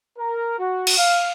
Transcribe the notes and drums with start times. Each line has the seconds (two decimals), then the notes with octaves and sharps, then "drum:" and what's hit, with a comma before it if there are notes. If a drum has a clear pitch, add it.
0.18 A#4
0.59 F#4
0.87 drum: cymbal
0.98 F5